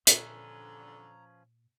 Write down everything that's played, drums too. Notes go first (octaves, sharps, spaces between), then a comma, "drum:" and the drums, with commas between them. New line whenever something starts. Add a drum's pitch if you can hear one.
E2 G2 A#2 D3 F3 C#4 B4 A#5, drum: hi-hat